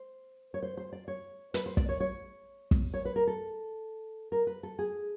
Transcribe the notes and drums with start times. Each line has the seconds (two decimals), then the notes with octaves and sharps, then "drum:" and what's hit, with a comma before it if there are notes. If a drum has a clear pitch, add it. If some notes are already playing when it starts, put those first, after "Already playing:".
Already playing: C5
0.54 C#5
0.63 C5
0.77 C5
0.93 D5
1.08 C#5
1.54 B4, drum: hi-hat
1.66 C5
1.77 D5, drum: kick
1.89 C#5
2.00 C#5
2.71 drum: kick
2.94 C#5
3.05 B4
3.16 A#4
3.27 A4
4.32 A#4
4.47 B4
4.63 A4
4.79 G#4